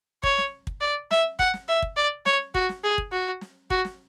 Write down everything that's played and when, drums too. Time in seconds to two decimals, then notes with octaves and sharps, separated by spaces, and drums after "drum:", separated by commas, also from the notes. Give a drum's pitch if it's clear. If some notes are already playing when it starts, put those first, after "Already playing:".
0.23 C#5, drum: kick
0.38 drum: snare
0.67 drum: kick
0.81 D5
1.11 E5, drum: snare
1.39 F#5, drum: kick
1.54 drum: snare
1.68 E5
1.82 drum: kick
1.97 D5
2.26 C#5, drum: snare
2.54 F#4, drum: kick
2.69 drum: snare
2.84 G#4
2.98 drum: kick
3.12 F#4
3.41 drum: snare
3.70 F#4, drum: kick
3.85 drum: snare